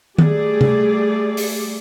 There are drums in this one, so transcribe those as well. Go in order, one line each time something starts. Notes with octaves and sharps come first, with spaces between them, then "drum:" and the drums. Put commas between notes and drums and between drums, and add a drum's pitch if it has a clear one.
G3 A3 G#4 D5, drum: tom D#3
drum: tom C3
drum: open hi-hat